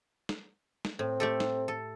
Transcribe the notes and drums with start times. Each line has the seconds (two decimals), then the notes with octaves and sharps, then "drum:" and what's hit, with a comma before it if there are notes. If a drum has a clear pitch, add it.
0.29 drum: snare
0.85 drum: snare
0.99 A2 C4
1.20 A3 G4 A4
1.40 drum: snare
1.68 A4